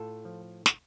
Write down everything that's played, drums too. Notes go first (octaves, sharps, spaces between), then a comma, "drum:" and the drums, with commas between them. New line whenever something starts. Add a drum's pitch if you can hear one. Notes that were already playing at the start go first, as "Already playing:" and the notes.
Already playing: A2 F4 A4
F3
drum: snare